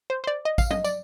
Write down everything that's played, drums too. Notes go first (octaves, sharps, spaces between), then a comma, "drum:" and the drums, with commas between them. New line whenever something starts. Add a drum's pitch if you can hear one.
C5
C5
D5
D#5
F5, drum: kick A1, tambourine
D#5, drum: tom F#3
D5, drum: tambourine